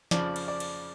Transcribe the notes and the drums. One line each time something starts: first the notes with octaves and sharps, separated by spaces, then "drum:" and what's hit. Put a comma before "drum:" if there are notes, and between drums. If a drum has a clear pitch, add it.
F2 C#3 F3 D5, drum: snare
drum: cymbal
D5
drum: cymbal